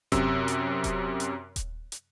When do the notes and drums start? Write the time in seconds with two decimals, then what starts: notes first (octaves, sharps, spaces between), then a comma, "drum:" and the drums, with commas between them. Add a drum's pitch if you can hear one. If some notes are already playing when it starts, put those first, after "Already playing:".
0.12 F#2 C3 E6, drum: kick D#1, hi-hat
0.48 drum: hi-hat
0.84 drum: kick D#1, hi-hat
1.20 drum: hi-hat
1.56 drum: kick D#1, hi-hat
1.92 drum: hi-hat